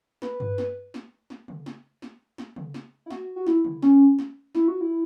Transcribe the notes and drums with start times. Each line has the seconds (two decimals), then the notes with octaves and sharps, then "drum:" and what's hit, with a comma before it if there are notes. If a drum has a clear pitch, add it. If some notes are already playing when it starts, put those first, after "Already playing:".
0.22 B4, drum: snare
0.40 drum: tom G2
0.58 drum: snare
0.94 drum: snare
1.30 drum: snare
1.48 drum: tom C#3
1.66 drum: snare
2.02 drum: snare
2.38 drum: snare
2.56 drum: tom C#3
2.74 drum: snare
3.06 E4
3.10 F#4, drum: snare
3.36 F#4
3.47 E4, drum: snare
3.65 drum: tom C#3
3.82 C#4, drum: snare
4.19 drum: snare
4.55 E4, drum: snare
4.68 F#4
4.81 E4